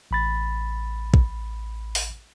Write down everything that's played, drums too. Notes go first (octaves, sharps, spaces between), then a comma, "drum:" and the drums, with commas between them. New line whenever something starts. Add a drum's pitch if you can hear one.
A1 B5 A6
drum: kick
drum: open hi-hat